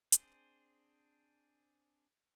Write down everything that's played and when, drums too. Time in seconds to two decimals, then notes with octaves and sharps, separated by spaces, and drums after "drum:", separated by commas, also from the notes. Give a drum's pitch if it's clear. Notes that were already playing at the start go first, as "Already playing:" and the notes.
0.12 C4 D4 G#4 C5, drum: hi-hat